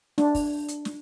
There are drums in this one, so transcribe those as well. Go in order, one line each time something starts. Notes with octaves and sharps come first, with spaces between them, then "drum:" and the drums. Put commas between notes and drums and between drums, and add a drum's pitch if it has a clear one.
D4, drum: snare
drum: kick, open hi-hat
drum: hi-hat
drum: snare